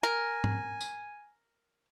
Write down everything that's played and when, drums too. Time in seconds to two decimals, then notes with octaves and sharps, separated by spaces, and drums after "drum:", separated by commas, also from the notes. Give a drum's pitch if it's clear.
0.03 A#4 G#5
0.44 drum: tom G#2
0.80 drum: tambourine